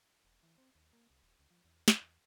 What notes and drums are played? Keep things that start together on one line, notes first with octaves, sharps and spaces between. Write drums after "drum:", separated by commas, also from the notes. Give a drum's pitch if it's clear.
E1
E3
C4
D#2
A#3
C2
D#1
C#2
F3
E2
F1, drum: snare
E2